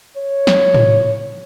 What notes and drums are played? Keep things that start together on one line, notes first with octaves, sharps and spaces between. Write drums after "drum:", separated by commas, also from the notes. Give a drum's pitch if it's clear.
C#5
drum: snare
drum: tom